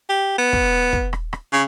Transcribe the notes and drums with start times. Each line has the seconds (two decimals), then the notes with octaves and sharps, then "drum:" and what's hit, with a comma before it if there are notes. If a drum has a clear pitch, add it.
0.09 G4
0.38 B3
0.53 drum: kick
0.93 drum: kick
1.13 drum: rim click
1.33 drum: rim click
1.53 C#3